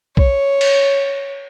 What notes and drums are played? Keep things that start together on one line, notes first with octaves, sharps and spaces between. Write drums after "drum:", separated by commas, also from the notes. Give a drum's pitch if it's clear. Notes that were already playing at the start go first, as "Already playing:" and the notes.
C#5, drum: kick B1
drum: cymbal